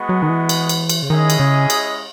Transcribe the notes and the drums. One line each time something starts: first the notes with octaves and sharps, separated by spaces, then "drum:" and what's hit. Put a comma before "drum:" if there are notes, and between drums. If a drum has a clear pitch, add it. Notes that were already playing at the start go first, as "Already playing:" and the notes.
Already playing: G#3 B3 F#4
F#3
D#3
E3
drum: cymbal
drum: cymbal
drum: cymbal
C#3
D#3 G#3 C#4 E4 G#4 D#5
drum: cymbal
C#3
drum: cymbal